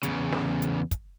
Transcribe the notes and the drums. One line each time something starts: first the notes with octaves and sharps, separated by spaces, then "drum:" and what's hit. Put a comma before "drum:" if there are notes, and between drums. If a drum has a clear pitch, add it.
E2 C#3, drum: hi-hat
drum: snare
drum: hi-hat
drum: kick, hi-hat